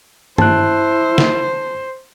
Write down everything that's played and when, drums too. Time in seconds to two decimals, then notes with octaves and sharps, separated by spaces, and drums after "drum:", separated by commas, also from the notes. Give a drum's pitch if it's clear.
0.38 E4 C5 A5 F#6, drum: tom
1.18 drum: snare